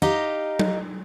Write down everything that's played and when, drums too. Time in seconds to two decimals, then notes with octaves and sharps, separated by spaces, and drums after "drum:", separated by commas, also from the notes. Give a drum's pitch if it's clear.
0.02 D#4 G4 D#5 F5
0.59 drum: tom F#3